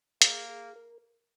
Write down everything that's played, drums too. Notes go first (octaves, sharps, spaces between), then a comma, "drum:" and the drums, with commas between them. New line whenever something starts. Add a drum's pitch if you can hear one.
A#3 G#4, drum: hi-hat
G#4
A#4